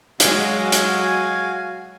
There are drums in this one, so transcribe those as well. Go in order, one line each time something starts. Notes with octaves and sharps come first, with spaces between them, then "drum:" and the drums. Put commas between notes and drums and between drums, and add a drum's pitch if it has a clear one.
F#3 G#3 F#4 F5 G#5, drum: hi-hat
drum: hi-hat